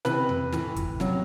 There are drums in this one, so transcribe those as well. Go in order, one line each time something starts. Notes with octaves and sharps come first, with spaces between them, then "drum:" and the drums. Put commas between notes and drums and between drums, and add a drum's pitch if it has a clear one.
C3 E3 B4, drum: snare
drum: tom E2
A2 E3, drum: snare
drum: kick, hi-hat
C3 F#3, drum: snare